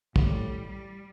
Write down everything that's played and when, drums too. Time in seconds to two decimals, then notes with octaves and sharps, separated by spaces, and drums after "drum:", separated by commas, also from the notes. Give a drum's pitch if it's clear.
0.16 A2 G3, drum: kick
0.69 G3